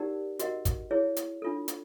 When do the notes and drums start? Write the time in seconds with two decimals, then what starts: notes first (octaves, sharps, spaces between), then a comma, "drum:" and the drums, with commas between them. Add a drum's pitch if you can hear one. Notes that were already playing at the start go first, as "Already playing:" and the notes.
Already playing: D#4 G4 A#4 D5 F#5
0.39 F#4 A#4 D#5 F#5, drum: hi-hat
0.65 drum: kick, hi-hat
0.91 E4 G#4 C#5
1.17 drum: hi-hat
1.42 D4 F4 A4
1.68 drum: hi-hat